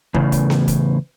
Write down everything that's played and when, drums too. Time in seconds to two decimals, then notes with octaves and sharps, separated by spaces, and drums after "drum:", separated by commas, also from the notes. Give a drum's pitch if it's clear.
0.14 E2 A2 C#3, drum: kick
0.32 drum: kick, hi-hat
0.50 drum: snare B3
0.68 drum: kick, hi-hat